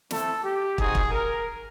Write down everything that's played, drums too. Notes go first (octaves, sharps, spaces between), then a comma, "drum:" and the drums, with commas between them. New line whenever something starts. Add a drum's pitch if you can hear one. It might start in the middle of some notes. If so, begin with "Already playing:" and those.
A3 C4 E4 A4, drum: snare
G4
C4 D#4 F#4 G#4, drum: kick
drum: kick
A#4